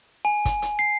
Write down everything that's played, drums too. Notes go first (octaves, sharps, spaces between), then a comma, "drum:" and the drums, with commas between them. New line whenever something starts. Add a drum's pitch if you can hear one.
G#5
drum: kick, hi-hat
drum: hi-hat
C7